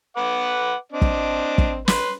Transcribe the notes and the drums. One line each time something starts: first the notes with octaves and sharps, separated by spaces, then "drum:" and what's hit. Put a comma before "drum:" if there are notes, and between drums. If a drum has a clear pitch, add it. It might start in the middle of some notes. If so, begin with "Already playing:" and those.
B4 F#5 D6
C4 D4 D#5
drum: kick
drum: kick
B4 C6, drum: snare